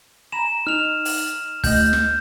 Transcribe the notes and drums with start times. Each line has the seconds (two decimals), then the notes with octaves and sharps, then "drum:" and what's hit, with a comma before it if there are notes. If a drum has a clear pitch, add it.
0.32 G#5 A#5 B5 E7
0.67 D#4 F6 F7
1.05 drum: open hi-hat
1.64 D2 D#5 G6, drum: kick, open hi-hat
1.93 drum: snare